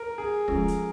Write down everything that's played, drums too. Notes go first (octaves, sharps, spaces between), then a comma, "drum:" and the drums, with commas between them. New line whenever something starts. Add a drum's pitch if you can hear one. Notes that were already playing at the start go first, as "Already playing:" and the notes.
Already playing: A#4
G#4
F3 G#3 C#4 F4 A4, drum: kick
drum: hi-hat